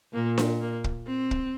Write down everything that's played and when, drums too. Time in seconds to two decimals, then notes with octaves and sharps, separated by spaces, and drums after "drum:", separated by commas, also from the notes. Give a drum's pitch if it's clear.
0.14 A#2 A#3
0.38 drum: snare D4
0.61 A#3
0.84 drum: kick
1.07 C4
1.31 drum: kick